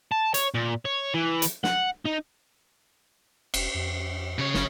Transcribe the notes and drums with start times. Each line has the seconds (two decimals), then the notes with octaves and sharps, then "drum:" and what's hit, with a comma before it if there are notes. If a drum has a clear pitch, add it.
0.12 A5
0.34 C#5, drum: hi-hat
0.55 A#2
0.85 C#5
1.14 E3
1.42 drum: hi-hat
1.64 F#5, drum: snare
2.05 D#4
3.54 E1, drum: cymbal
3.74 F2
4.39 C#3 C#5
4.54 F#1, drum: snare